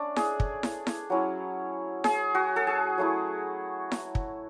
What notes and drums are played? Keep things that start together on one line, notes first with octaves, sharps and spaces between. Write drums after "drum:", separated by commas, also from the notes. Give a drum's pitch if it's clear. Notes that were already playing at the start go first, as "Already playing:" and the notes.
Already playing: A3 C#4 D4 D5
G#4, drum: snare E4
drum: kick
drum: snare E4
drum: snare E4
F#3 C#4 E4
G#4, drum: snare E4
F#4
A4
G#4
F#3 A3 E4
drum: snare E4
drum: kick